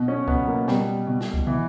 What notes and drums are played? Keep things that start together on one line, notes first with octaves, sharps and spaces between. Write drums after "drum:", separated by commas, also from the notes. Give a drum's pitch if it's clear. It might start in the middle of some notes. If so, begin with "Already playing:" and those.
Already playing: B2
C#4
B2 B3, drum: kick C2
A#3
B2 G3, drum: snare
B2
drum: snare
drum: kick C2
B2 E3